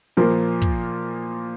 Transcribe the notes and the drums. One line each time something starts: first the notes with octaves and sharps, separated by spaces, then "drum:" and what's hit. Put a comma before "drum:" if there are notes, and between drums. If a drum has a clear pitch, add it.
A#2 F3 A#3
drum: kick